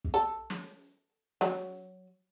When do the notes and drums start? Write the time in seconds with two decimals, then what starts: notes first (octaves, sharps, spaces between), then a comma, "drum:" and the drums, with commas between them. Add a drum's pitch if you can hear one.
0.04 drum: kick
0.14 A4
0.50 drum: snare
1.41 F#3, drum: snare